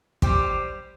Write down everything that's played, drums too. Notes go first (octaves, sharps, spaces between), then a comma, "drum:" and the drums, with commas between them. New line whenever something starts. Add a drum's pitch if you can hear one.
G3 G4 C5, drum: kick